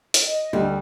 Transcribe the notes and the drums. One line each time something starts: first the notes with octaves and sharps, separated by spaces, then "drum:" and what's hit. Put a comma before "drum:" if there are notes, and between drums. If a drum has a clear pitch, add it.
drum: hi-hat
D#5
D2 G3